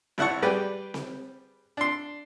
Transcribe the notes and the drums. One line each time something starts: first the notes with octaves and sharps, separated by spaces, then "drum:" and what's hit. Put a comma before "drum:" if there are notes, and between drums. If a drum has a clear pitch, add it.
G#1 E4 F#5 A5 C#6, drum: snare C4
G3 G4 G#4 B4 D5
drum: snare C4
D4 C6